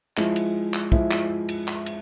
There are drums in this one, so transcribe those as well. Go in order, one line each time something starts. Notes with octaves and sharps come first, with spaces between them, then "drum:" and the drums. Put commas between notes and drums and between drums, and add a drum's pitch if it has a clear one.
F3 G#3 E4, drum: clap
drum: cymbal
drum: clap
F3 G#3 E4, drum: kick
drum: clap
drum: cymbal
drum: clap
drum: cymbal